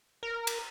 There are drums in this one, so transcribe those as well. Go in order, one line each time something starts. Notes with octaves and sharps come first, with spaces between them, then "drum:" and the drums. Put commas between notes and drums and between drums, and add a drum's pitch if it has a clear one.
A#4
drum: cymbal